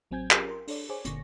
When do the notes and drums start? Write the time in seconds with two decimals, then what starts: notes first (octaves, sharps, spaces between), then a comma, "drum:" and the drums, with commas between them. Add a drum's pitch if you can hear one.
0.11 A1 F#3 C4 G#5 G6 G#6
0.31 C#4 F4 G4 G#4 A#4, drum: clap
0.49 A#4 C6
0.68 D4 A4 C#5 D5, drum: open hi-hat
0.89 G#4 C5 C#5 G#5 D6
1.05 G1 A#2 D3 C#6 A#6, drum: hi-hat